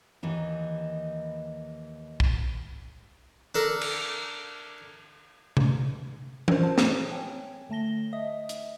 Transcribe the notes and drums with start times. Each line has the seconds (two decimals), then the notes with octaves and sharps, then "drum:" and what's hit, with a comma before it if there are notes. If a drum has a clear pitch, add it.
0.23 D#2 E3 D#4
2.20 drum: kick
3.55 D4 A4 A#4
3.81 drum: cymbal
5.57 drum: tom C3
6.48 F4 A#4 C5, drum: tom E3
6.63 A5
6.78 drum: snare
7.10 C#5 G5 G#5
7.69 D3 A3 A5 A#6 G7
8.13 D#5 E5 D#6
8.49 drum: hi-hat